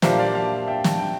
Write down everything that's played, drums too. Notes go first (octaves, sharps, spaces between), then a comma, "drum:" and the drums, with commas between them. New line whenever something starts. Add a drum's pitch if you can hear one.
A#2 G3 A#3 D4 C5 E5, drum: snare
D5 F5
F5 A5
E5 G5
A5, drum: snare
G5